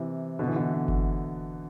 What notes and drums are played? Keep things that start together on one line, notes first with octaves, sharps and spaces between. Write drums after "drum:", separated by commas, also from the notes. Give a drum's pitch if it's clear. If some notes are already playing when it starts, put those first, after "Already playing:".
Already playing: C3 E3
B2 D3
E3
B2 D3
B2
drum: kick G1